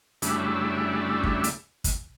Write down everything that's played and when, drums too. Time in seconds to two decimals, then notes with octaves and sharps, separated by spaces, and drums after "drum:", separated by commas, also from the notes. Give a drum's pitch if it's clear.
0.22 F#2 C#3 G3 A3 D4 E4, drum: hi-hat
1.23 drum: kick
1.44 drum: hi-hat
1.84 drum: kick, hi-hat